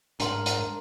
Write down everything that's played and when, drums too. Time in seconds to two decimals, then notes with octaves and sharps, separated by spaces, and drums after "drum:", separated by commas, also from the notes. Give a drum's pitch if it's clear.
0.20 G#2 D4 A#4 A#5 C6, drum: hi-hat
0.46 drum: hi-hat